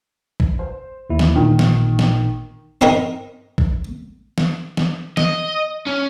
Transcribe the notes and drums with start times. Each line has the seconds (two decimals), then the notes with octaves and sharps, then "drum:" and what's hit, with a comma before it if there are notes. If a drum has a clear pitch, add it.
0.40 drum: kick
0.59 C5
1.10 D#2 E4
1.19 drum: snare
1.36 A1 A#2 D#3
1.59 drum: snare
1.99 drum: snare
2.81 C4 D#4 A#4, drum: tom G2
3.58 drum: kick
4.38 drum: snare
4.77 drum: snare
5.17 D#5, drum: snare
5.86 C#4